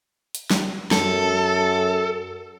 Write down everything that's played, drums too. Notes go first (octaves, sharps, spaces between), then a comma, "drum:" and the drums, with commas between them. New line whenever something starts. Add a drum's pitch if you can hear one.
drum: hi-hat
drum: snare
F#2 A4, drum: snare